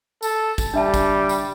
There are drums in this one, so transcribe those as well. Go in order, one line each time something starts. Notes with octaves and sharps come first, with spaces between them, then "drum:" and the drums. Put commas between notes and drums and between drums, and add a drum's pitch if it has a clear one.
A4, drum: tambourine
drum: kick, tambourine
G3 D4 E5 A5
drum: kick, tambourine
drum: tambourine